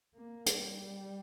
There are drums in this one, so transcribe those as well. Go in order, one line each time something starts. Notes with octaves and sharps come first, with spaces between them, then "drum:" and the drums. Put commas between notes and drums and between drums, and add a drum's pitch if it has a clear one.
A#3
G3, drum: hi-hat